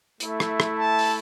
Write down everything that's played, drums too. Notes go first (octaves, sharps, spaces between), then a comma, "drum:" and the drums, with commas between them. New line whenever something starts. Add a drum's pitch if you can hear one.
A3 E4, drum: hi-hat
drum: rim click
drum: rim click
A5
drum: open hi-hat